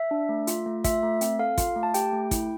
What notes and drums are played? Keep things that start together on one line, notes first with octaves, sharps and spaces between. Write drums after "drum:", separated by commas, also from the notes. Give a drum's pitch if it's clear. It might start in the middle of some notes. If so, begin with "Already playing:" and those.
Already playing: E5
D4
A3
F4, drum: hi-hat
A3
F4 E5, drum: kick, hi-hat
A3
C4, drum: hi-hat
A4 F5
F4, drum: kick, hi-hat
A3
A5
G4 G5, drum: hi-hat
A3
E4, drum: kick, hi-hat